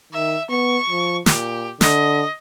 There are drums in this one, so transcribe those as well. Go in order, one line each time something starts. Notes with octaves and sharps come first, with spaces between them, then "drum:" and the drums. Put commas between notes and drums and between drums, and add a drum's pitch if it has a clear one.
D#3 E5
B3 C#6
F3
A#2 G4, drum: snare
D3 D#5, drum: snare